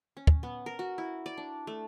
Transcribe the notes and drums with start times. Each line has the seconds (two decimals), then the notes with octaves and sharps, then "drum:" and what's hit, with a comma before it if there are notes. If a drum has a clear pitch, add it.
0.17 C#4
0.27 drum: kick
0.43 B3
0.66 A#4
0.79 F#4
0.98 E4
1.26 D5
1.37 D4
1.67 A3